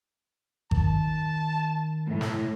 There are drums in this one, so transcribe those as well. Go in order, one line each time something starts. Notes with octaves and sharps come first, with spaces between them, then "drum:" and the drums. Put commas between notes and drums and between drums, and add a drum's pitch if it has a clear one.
D#3 A5, drum: kick G#1
A2
drum: snare